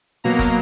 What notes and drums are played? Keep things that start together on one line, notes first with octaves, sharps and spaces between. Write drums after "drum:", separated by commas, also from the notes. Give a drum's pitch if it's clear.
B2 F#3 A#3 A#5
drum: kick, hi-hat